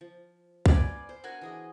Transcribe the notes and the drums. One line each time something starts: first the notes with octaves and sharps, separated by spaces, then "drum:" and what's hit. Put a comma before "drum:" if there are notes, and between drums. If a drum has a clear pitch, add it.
F3
B3 F4 D5 G#5, drum: kick
C5
D4 F#4 A#4 G#5
E3 G#4 D#5